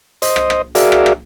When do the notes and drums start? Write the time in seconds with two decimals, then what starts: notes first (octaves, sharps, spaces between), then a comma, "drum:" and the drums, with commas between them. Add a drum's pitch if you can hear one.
0.22 C5 D#5, drum: hi-hat
0.36 drum: rim click
0.50 drum: rim click
0.75 F#4 G#4 A#4 D5 E5 F5, drum: hi-hat
0.92 drum: rim click
1.06 drum: rim click